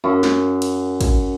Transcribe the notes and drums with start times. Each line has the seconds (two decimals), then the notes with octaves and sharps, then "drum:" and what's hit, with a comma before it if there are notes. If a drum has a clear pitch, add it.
0.04 F#2
0.23 drum: snare
0.62 drum: cymbal
1.01 drum: kick, cymbal